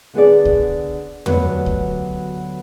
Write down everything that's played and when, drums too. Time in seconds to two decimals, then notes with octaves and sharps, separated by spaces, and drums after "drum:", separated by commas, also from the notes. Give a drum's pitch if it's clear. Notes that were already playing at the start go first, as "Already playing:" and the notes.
0.14 D3 B3 G#4 D5
0.45 drum: kick C2
1.26 D2 F#3 B3 G4 B4, drum: tom
1.66 drum: kick C2